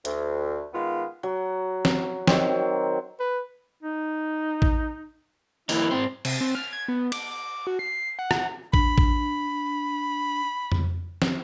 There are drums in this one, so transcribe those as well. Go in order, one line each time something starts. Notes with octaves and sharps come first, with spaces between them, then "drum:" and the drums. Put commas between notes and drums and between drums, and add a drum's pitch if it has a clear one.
D2, drum: hi-hat
D#3 G#3 B3 F4
F#3
drum: snare
D#3 F#3 C4, drum: snare
B4
D#4
drum: kick A1
E3 A#3 D#4 E4, drum: open hi-hat
G#2 C4 C5
C3, drum: cymbal
C4
F6
G#6
B3
D6, drum: cymbal
D6
F#4
C7
F#5
drum: rim click
D4 B5, drum: kick A1
drum: kick A1
drum: tom F2
drum: snare